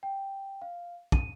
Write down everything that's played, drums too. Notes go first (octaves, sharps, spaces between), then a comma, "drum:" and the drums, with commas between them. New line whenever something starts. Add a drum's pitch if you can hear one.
G5
F5
D#7, drum: kick